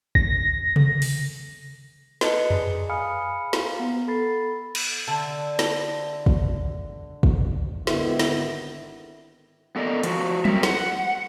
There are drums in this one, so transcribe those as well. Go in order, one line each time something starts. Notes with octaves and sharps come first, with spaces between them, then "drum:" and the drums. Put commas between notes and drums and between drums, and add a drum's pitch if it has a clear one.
A#6, drum: kick
drum: tom C3
drum: open hi-hat
B4 D#5 A5 C#7, drum: snare
G#4 D5 A#5, drum: tom F2
F5 G#5 B5 D#6 F6 C#7
F5 A#5, drum: snare
B3
A4 B5 A6 C7
drum: cymbal
D3 E5 A5
drum: snare
drum: kick
drum: kick
G#1 D3 D#3 B3 E4, drum: snare
drum: snare
B3 A4 A#4 D5 D#5
F3 F#4, drum: hi-hat
C4 C#4 F#4 A#4 C#5 E5, drum: tom F#3
F#5, drum: snare